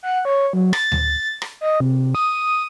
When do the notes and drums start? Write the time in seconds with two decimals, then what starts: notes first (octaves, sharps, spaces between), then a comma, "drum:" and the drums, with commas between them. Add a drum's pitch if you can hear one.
0.03 F#5
0.25 C#5
0.53 F#3
0.73 A6, drum: rim click
0.92 drum: tom D2
1.42 drum: rim click
1.61 D#5
1.80 C3
2.15 D#6